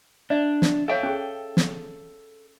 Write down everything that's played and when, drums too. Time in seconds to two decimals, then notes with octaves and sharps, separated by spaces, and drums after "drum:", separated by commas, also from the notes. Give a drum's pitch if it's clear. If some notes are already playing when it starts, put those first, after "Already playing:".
0.30 D4 D5 E5
0.62 drum: snare
0.88 A4 C#5 E5 F5 G5
1.03 C#4 G#4
1.57 drum: snare